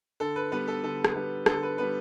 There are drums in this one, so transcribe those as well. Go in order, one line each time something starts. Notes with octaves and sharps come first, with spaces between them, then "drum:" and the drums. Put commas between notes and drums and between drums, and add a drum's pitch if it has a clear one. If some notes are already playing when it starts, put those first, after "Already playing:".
D3 A4
B4
G3 B3 B4
A4
D3 A4
drum: rim click
G3 B3
D3 A4, drum: rim click
B4
G3 B3 B4